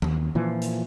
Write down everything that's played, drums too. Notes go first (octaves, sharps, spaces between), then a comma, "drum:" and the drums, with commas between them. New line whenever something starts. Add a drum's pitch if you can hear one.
D#2, drum: tom D#3
A#2 E3 F3
drum: hi-hat